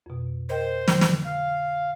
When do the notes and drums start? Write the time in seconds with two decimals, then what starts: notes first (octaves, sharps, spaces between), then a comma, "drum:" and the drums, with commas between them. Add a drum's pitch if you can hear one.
0.06 F2 B2
0.49 A#4 C5 D#5 G5
0.88 D3 G5, drum: snare
1.01 drum: snare
1.25 F5